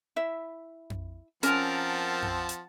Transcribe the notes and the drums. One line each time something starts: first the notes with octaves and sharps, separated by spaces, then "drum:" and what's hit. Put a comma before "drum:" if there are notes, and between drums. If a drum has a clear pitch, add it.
E4 E5
drum: tom F2
F3 C4 C#4 A#4 F#5 A5, drum: hi-hat
drum: tom F2
drum: hi-hat